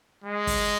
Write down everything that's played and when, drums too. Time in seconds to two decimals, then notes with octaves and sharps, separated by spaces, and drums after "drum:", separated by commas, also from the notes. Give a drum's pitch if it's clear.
0.24 G#3
0.47 drum: kick, open hi-hat